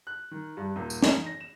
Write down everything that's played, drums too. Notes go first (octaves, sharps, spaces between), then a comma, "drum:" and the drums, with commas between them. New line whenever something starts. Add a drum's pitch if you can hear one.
F#6
D#3
G2
D#1
drum: tambourine
D#4, drum: snare
A#6
E7